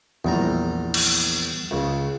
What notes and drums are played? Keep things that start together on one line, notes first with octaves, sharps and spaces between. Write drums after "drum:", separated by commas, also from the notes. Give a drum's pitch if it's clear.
A#1 E2 G3 A#5
drum: cymbal
C#2 C#3